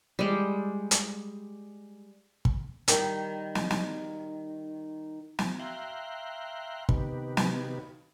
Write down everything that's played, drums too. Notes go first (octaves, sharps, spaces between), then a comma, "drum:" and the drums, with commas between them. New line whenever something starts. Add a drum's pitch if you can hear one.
G3 G#3
drum: hi-hat
drum: kick
D#3 G3, drum: hi-hat
drum: snare
drum: snare
drum: snare
E5 F5 G5 A#5 C6 F#6
C3 D#3 B3 D#4 G4 B4, drum: kick
drum: snare